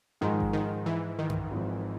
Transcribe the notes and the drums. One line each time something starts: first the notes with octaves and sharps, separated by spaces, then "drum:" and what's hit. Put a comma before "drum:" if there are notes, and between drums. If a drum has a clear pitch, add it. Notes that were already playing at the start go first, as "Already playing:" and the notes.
G#2 D#3 F3 G#3
drum: kick A1
D#3
E3
D#3
drum: tom F#2
G#1 G#2 F3